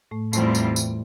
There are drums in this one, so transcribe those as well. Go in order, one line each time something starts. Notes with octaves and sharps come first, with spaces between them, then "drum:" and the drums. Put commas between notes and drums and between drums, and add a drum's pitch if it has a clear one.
A2 A3
E2 A2 E3 G3 A3 C4 F4, drum: tambourine
drum: tambourine
drum: tambourine